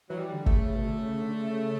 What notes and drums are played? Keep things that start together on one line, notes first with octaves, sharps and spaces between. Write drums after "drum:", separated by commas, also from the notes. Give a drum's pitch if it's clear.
E3 F#3
G3
D3
A3, drum: kick G1
C#3
B2
D3
C#3
D3
C#3